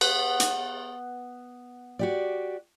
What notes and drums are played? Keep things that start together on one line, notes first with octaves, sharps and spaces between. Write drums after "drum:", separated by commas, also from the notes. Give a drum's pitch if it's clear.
B3, drum: cymbal
drum: hi-hat
F#4 G4 D5